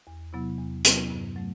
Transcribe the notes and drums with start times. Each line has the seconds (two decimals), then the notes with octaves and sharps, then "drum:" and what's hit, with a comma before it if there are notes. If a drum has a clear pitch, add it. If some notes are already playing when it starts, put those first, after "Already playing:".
0.07 E2
0.33 C3 F#3 B3 E4
0.58 E2
0.85 C3 F#3 B3 E4, drum: hi-hat
1.10 G2
1.36 F#3 A3